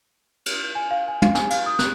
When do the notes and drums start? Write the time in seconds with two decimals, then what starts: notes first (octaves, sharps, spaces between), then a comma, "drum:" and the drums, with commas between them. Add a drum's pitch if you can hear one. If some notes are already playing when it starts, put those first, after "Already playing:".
0.46 drum: cymbal
0.75 G#5
0.91 F5
1.08 G#5
1.22 F5, drum: tom
1.35 G#5, drum: snare
1.50 F5, drum: cymbal
1.66 D#6
1.79 F#6, drum: snare